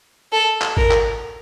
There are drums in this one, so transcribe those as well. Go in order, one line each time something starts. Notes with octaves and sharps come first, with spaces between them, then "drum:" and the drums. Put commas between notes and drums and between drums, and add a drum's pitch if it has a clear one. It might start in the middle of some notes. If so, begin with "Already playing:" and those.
A4
drum: clap
A#4, drum: kick A1
drum: clap